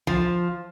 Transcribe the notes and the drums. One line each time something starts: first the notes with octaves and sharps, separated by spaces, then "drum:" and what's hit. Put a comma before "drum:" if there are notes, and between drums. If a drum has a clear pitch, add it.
F3, drum: kick A#1